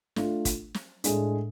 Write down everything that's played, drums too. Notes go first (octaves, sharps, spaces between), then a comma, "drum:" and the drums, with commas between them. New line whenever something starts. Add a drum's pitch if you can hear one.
A3 D4 F4, drum: snare
drum: kick, hi-hat
drum: snare
A2 G#3 D4, drum: hi-hat